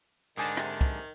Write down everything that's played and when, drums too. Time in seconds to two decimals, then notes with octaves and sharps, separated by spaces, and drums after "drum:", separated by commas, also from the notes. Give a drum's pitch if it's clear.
0.37 G#2 D3 D#3 D4 G#5 D6 D#6
0.57 C3, drum: rim click
0.81 drum: kick